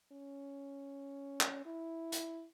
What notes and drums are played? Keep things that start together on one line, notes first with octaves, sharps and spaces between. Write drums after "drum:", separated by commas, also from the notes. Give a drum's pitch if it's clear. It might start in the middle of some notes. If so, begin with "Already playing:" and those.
C#4
drum: clap
E4
drum: hi-hat